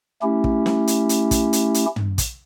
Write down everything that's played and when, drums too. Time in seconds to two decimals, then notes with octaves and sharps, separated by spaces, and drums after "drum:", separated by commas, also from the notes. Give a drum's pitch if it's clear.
0.22 A3 C#4 E4 G4
0.44 drum: kick
0.66 drum: snare
0.87 drum: hi-hat
1.09 drum: hi-hat
1.31 drum: kick, hi-hat
1.53 drum: hi-hat
1.74 drum: hi-hat
1.96 drum: tom
2.18 drum: kick, hi-hat